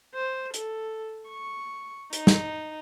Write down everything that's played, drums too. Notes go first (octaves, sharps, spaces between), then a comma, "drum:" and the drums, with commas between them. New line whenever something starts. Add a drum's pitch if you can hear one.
C5
A4, drum: hi-hat
C#6
D#4, drum: hi-hat
drum: snare